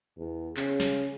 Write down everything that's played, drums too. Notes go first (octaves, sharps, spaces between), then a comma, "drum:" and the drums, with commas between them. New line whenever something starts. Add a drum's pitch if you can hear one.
E2
C#3, drum: clap
drum: snare